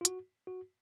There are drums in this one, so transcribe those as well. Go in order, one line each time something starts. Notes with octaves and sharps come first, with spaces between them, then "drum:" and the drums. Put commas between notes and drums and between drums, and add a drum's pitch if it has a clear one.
F4
F#4, drum: hi-hat
F#4